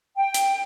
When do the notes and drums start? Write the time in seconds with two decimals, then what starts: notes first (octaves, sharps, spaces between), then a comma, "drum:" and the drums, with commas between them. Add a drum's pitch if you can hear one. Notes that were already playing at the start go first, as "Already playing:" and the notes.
0.16 G5
0.34 drum: hi-hat